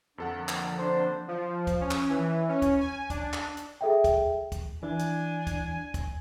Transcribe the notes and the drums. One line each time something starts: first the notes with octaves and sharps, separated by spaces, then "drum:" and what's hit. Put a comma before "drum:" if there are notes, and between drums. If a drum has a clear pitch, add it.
F2 D3 F3 A#3 A4 F#5
drum: clap
D4 C5
F3
drum: kick, hi-hat
C#4
drum: clap
E3
C#4
drum: kick, hi-hat
G#5
D4, drum: kick, hi-hat
drum: clap
drum: hi-hat
G#4 A4 E5 G5
drum: kick, hi-hat
drum: kick, hi-hat
E3 D4 G#5
drum: hi-hat
drum: kick, hi-hat
drum: kick, hi-hat